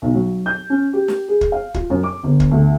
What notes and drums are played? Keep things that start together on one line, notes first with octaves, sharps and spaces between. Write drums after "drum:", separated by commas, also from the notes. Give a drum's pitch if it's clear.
B1
F#3
G6
C#4
G4
drum: snare
G#4
drum: kick
F5
F4, drum: kick
F#2
D6
G1
drum: kick
D2